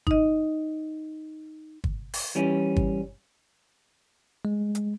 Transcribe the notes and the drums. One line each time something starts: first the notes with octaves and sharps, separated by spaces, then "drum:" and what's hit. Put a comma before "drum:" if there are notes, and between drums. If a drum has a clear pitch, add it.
D#4 D#5, drum: kick
drum: kick
drum: open hi-hat
E3 G3 C#4
drum: kick
G#3
drum: hi-hat